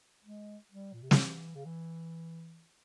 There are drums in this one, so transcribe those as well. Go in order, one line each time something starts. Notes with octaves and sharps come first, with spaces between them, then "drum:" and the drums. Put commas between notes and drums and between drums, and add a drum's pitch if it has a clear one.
G#3
G3
A#2
C3
C#3, drum: snare
E3
C#3
E3